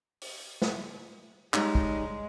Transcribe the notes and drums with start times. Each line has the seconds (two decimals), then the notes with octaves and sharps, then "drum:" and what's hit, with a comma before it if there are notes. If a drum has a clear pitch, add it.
0.21 drum: open hi-hat
0.62 drum: snare
1.54 G3 G#3 D#4 C#5, drum: clap
1.75 drum: kick